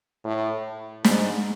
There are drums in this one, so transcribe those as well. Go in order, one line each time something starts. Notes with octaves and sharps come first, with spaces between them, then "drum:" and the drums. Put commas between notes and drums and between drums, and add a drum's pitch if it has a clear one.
A2
G#2, drum: snare